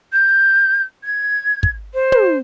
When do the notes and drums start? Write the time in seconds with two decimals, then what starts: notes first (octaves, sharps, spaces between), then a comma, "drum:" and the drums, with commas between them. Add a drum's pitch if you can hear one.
0.12 G6
1.03 G#6
1.63 drum: kick
1.93 C5
2.12 drum: tom